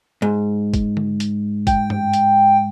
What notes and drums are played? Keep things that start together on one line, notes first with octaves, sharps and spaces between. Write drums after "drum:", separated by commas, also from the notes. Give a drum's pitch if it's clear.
G#2
drum: kick, hi-hat
drum: tom D3
drum: hi-hat
G5, drum: kick, hi-hat
drum: tom G2
drum: hi-hat